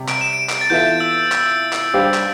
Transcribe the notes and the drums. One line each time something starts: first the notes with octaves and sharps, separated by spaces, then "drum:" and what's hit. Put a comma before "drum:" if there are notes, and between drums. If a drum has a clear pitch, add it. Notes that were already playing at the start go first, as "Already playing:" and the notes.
Already playing: C3 G3
D7, drum: clap
E7
D7
drum: clap
A6
E3 B3 F4 A4 E5 G6
E6
E6, drum: clap
drum: clap
G3 D4 G4 C5 F5
drum: clap